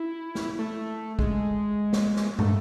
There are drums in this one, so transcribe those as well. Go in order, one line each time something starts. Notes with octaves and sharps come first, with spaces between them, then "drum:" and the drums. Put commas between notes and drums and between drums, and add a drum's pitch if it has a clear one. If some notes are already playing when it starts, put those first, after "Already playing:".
Already playing: E4
drum: snare
A3
G#3, drum: kick
drum: snare
drum: snare
A3, drum: tom